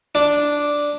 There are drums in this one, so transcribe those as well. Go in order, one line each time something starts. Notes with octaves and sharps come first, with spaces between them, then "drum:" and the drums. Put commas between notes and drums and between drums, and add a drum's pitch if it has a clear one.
D4, drum: tambourine
drum: tambourine
drum: tambourine
drum: tambourine
drum: tambourine